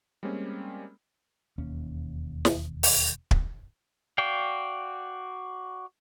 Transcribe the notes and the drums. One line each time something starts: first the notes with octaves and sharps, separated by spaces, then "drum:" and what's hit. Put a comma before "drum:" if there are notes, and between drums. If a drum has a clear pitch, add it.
G3 G#3 A#3 C4 C#4
E1 D#2 A#3 C#4
drum: snare
drum: open hi-hat
drum: kick
F#4 D5 F5 G5